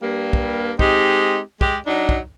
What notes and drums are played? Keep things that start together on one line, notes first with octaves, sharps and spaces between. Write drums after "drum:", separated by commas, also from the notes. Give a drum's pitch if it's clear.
G2 G3 A#3
drum: kick
G#3 C4 D#4 G4, drum: kick
G#3 G4, drum: kick
F#3 D4 D#4
drum: kick